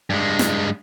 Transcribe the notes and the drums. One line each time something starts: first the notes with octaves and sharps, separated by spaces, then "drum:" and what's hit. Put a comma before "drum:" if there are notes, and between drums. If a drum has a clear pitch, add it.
G2 G#3
drum: snare